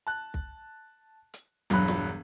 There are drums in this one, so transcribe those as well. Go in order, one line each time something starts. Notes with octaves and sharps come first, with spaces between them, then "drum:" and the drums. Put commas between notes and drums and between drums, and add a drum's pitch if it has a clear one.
A5 F#6
drum: kick
drum: hi-hat
E1 G2 F#3 B5 F#6, drum: tom F#3
drum: snare